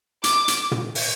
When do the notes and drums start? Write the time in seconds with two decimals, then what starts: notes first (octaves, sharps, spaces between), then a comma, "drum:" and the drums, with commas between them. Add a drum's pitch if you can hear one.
0.24 D6, drum: hi-hat
0.48 drum: hi-hat
0.71 drum: tom
0.95 drum: open hi-hat